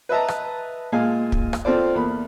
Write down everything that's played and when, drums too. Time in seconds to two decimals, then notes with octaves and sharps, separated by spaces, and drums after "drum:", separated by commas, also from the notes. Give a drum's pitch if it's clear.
0.09 B4 D#5 E5 A5 A#5
0.28 drum: rim click
0.92 A#2 G#3 D#5 F5 G#5
1.32 drum: kick
1.53 drum: rim click
1.65 C4 F4 A4 C5 D5
1.95 E2 A#3 B5